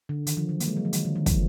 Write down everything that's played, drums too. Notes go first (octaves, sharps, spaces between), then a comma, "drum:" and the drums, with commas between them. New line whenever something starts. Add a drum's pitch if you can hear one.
D3
D#3, drum: hi-hat
F3
F#3
A#3, drum: hi-hat
G#3
F#3
F3
D#3, drum: hi-hat
D3
D#3
F3, drum: kick, hi-hat